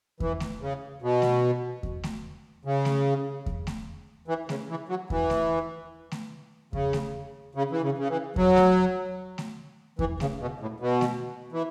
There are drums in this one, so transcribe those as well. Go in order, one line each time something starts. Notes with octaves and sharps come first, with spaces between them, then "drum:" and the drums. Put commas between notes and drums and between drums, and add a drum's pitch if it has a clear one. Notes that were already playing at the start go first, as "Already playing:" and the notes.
E3, drum: kick E2
drum: snare A3
C#3
B2
drum: snare A3
drum: kick E2
drum: snare A3
C#3
drum: snare A3
drum: kick E2
drum: snare A3
E3
C#3, drum: snare A3
E3
F#3
E3, drum: kick E2
drum: snare A3
drum: snare A3
C#3, drum: kick E2
drum: snare A3
C#3
E3
C#3
C#3
E3
F#3, drum: kick E2
drum: snare A3
drum: snare A3
E3, drum: kick E2
C#3, drum: snare A3
B2
A2
B2
drum: snare A3
E3